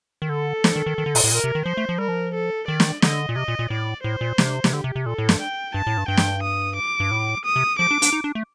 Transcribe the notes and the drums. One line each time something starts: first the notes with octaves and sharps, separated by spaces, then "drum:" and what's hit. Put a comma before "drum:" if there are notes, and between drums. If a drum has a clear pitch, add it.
D#3
D3 A4
F3, drum: snare
D#3
D#3
D#3
D3
A#2, drum: open hi-hat
A2
A#2 A#4
C3
D#3
F3 C5
A3
F3
G3 A#4
F3
A4
D#3 D5
drum: snare
D3 D#5, drum: snare
A#2
C3 D#5
A#2
A#2
A2 D5
A2 C5
A#2
C3, drum: snare
C3, drum: snare
D3 G4
C3
C3
A#2 A4
A2
G2, drum: snare
G5
G2 A5
A2
G2
G2 G5
drum: snare
D#6
D6
G2
A2
D#6
C3
F3 D6
D4
D4, drum: hi-hat
D#4
D4
A3